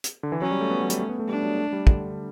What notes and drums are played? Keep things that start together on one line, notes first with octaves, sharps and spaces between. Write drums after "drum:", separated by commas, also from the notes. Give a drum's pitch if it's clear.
drum: hi-hat
D3
E3
F#3 C#4
G3
A3
B3
F#3
G3, drum: hi-hat
A3
B3
A3
G3 D4
F#3
A3
A3
G3
D3, drum: kick